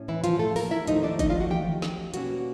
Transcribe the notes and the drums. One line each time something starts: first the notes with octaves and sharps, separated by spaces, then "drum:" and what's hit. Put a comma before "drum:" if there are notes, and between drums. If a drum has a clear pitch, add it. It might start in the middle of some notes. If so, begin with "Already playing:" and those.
Already playing: A2 C#4
E3 E4
F3 F4, drum: hi-hat
A3 A4
A#3 A#4, drum: open hi-hat
E4 E5
D#2 D3 F3 A3 D#4 D#5, drum: hi-hat
D4 D5
D#4 D#5, drum: kick, hi-hat
F4 F5
F#4 F#5
G4 G5, drum: tom D#3
drum: snare
B2 G3 A#3 C#4 F#4 F#5, drum: hi-hat